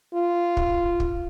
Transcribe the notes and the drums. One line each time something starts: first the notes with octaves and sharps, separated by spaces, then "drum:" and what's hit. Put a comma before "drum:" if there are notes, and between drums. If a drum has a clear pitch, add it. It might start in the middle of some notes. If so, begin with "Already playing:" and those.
F4
drum: kick
drum: kick